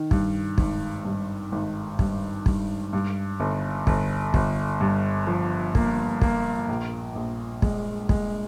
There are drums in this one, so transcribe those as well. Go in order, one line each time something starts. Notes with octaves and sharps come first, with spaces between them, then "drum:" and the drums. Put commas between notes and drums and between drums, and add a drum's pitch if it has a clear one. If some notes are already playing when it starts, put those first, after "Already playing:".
Already playing: D#3
G2, drum: kick
G#1, drum: kick
G2
G#1
G2, drum: kick
G2, drum: kick
G2
G1
G1, drum: kick
G1, drum: kick
G2
F3
A#3, drum: kick
A#3, drum: kick
A#1
A#1
G#3, drum: kick
G#3, drum: kick